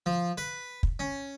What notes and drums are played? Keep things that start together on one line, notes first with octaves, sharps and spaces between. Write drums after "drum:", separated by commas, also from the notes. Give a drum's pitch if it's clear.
F3
B4
drum: kick
C#4